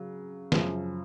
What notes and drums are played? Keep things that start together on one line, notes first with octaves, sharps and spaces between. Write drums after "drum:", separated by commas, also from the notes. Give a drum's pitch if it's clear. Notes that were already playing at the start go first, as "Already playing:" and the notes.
Already playing: C#3 F#3
F#2 C#3 F3, drum: snare